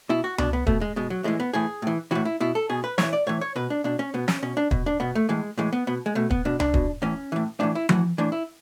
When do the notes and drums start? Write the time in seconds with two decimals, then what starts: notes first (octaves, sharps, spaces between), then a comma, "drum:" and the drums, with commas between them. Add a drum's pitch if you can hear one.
0.09 B2 E4
0.24 F#4
0.38 B2 D4, drum: tom C#2
0.53 B3
0.67 B2 A3, drum: kick
0.81 G#3
0.96 B2 G#3
1.10 F#3
1.24 A2 E3 G#3
1.40 B3
1.53 A2 E3 G#4
1.82 A2 E3
2.11 A2 E3 F#4
2.25 E4
2.40 B2 E4
2.55 A4
2.69 B2 G#4
2.84 B4
2.98 A2 C#5, drum: snare
3.03 E3
3.13 D5
3.27 A2 E3 C#5
3.41 C#5
3.56 B2 B4
3.70 D4
3.84 B2 D4
3.99 C#4
4.14 B2 B3
4.28 C#4, drum: snare
4.43 B2 C#4
4.57 D4
4.71 B2, drum: kick
4.86 D4
5.00 B2 B3
5.15 A3
5.29 A2 E3 G#3
5.58 A2 E3 G#3
5.73 B3
5.87 B2 B3
6.06 G#3
6.15 B2 A3
6.31 B3, drum: kick
6.45 B2 D4
6.60 D4, drum: tom C#2
6.74 B2, drum: kick
7.02 A2 E3 C#4
7.32 A2 E3
7.60 A2 E3 D4
7.75 E4
7.89 A2 E3 F#4, drum: tom F3
8.18 A2 E3 D4
8.32 E4